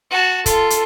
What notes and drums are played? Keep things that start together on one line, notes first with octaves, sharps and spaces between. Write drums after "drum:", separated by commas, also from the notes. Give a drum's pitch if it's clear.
F#4 A5
F4 A4, drum: kick, hi-hat
drum: hi-hat